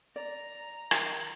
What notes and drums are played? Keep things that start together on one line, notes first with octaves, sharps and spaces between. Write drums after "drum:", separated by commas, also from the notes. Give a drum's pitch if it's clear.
D5 A#5
D#3, drum: rim click